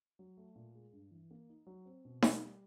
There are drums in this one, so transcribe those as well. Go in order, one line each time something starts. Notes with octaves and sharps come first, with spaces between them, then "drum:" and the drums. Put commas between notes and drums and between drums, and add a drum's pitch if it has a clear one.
F#3
A3
A#2
G#3
G2
E3
A#3
D#4
F#3
C4
B2
G3, drum: snare D#4
G3